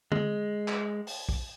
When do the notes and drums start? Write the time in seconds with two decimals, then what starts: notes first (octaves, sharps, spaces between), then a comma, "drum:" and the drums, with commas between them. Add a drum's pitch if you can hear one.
0.12 G#3, drum: tom D3
0.68 drum: clap
1.07 drum: open hi-hat
1.29 drum: kick